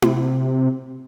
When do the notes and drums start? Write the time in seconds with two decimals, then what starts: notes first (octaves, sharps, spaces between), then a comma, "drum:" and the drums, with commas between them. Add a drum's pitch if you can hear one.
0.02 C3, drum: tom E4